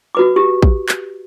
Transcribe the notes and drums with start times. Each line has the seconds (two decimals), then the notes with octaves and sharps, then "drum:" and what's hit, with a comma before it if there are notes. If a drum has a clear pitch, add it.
0.15 F#4 B4 D6
0.36 G4
0.62 drum: kick
0.89 drum: clap